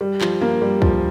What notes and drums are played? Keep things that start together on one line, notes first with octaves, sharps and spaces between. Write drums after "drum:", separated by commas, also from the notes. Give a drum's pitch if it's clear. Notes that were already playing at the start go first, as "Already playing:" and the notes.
G3
F3, drum: clap
A#3
G3
F3, drum: kick